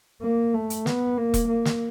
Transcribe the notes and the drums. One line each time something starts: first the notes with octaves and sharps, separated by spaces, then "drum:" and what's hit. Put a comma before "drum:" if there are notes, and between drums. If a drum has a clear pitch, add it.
A#3
A3
drum: hi-hat
B3, drum: snare
A#3
drum: kick E1, hi-hat
A#3
drum: snare